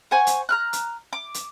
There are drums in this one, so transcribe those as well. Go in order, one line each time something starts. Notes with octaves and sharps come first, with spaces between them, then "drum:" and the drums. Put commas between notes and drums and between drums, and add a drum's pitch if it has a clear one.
C5 F#5 G#5 C#6
drum: hi-hat
A#5 F6 F#6
drum: hi-hat
D6
drum: hi-hat